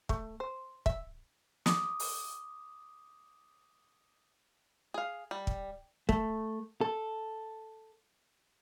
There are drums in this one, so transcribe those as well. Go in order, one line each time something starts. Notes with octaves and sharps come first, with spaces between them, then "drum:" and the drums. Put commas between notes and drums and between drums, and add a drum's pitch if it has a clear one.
A3, drum: kick
C5
E5, drum: kick
D6 D#6, drum: snare
drum: open hi-hat
G#4 F5
G3
drum: kick
A3, drum: kick
A4